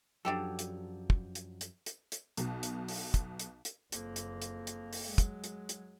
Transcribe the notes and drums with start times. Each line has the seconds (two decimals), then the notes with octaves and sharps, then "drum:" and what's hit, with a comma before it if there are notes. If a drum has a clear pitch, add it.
0.25 F#2 F3 F#3 D4 G4 A4
0.59 drum: hi-hat
1.10 drum: kick
1.35 drum: hi-hat
1.61 drum: hi-hat
1.86 drum: hi-hat
2.12 drum: hi-hat
2.37 B1 B2, drum: hi-hat
2.63 drum: hi-hat
2.88 drum: open hi-hat
3.14 drum: kick, hi-hat
3.39 drum: hi-hat
3.65 drum: hi-hat
3.92 F#1 F2 A#3, drum: hi-hat
4.16 drum: hi-hat
4.42 drum: hi-hat
4.67 drum: hi-hat
4.93 drum: open hi-hat
5.05 F#3 G#3
5.18 drum: kick, hi-hat
5.44 drum: hi-hat
5.69 drum: hi-hat